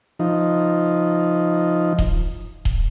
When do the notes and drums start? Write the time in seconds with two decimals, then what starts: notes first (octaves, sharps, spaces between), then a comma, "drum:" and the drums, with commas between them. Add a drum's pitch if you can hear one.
0.19 F3 D#4
1.98 drum: kick D#1
2.65 drum: kick D#1